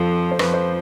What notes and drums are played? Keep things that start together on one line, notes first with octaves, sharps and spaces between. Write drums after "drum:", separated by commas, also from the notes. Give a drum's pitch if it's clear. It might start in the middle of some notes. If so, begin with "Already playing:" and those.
Already playing: F2 F3 A4
C5
F2 F3 B4, drum: rim click
C5